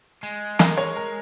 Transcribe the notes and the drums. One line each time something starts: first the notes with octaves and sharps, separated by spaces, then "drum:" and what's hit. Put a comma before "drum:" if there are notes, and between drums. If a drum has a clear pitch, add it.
G#3
A#4, drum: snare
C#5
A#4